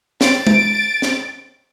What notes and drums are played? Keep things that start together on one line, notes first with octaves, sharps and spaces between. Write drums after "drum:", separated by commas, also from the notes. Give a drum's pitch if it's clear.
A6 D7, drum: snare
drum: tom G#3
drum: snare